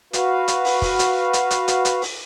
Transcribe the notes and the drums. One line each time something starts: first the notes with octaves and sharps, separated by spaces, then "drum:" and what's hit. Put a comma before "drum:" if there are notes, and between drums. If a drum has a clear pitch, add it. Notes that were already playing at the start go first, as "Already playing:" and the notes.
F#4 B4 F5, drum: hi-hat
drum: hi-hat
drum: open hi-hat
drum: kick, open hi-hat
drum: hi-hat
drum: hi-hat
drum: hi-hat
drum: hi-hat
drum: hi-hat
drum: open hi-hat